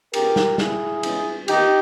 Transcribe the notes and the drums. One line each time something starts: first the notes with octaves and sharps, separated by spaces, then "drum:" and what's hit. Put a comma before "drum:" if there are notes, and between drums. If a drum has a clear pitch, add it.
C#3 G#3 B3 G4 A#4, drum: cymbal
drum: snare
E2 C#3 G3 A#3 E4 G#4, drum: snare
C#3 E3 G#3 B3, drum: cymbal
E2 D#3 A#3 D#4 G4, drum: cymbal